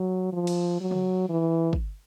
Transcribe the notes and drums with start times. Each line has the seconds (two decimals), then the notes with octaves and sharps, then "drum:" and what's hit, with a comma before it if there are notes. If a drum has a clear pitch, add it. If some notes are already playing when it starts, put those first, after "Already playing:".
Already playing: F#3
0.33 F3
0.47 drum: cymbal
0.81 F#3
0.91 drum: tom C#3
1.29 E3
1.73 drum: kick